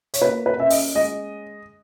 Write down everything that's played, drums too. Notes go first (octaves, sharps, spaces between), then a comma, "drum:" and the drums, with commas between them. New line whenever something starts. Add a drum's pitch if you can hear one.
C#5, drum: hi-hat
A#3 B4
B4
C#4 E5
D#5, drum: open hi-hat
G#3 D#5